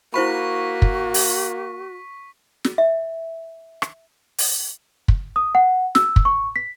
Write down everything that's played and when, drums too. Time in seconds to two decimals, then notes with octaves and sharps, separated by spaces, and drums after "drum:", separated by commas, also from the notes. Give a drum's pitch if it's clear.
0.14 A#3 E4 F#4 C5 B5 C#6 B6
0.82 drum: kick
1.14 drum: open hi-hat
2.64 drum: snare
2.78 E5
3.82 drum: rim click
4.38 drum: open hi-hat
5.08 drum: kick
5.36 D#6
5.55 F#5
5.95 E6, drum: snare
6.16 drum: kick
6.25 C#6
6.56 B6